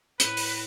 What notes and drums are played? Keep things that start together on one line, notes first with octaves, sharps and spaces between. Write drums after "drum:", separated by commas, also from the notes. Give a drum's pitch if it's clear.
A2 B4, drum: hi-hat
drum: open hi-hat